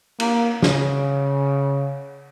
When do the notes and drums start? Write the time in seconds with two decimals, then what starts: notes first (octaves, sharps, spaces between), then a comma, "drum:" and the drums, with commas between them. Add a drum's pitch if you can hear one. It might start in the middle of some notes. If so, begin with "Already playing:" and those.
0.20 A#3, drum: cymbal
0.62 C#3, drum: snare